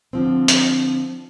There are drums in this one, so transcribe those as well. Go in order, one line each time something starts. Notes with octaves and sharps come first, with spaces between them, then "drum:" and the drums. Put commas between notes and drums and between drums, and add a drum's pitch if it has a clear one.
D3 F3 C4
drum: hi-hat